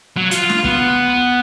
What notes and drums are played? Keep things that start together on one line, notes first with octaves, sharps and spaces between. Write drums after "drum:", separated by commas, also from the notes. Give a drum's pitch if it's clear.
F#3
F4, drum: hi-hat
drum: snare
B3, drum: kick